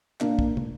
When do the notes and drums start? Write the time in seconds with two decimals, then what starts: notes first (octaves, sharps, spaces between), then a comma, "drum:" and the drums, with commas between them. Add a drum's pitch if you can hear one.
0.20 A#2 A#3 D4, drum: clap
0.39 drum: kick
0.57 drum: tom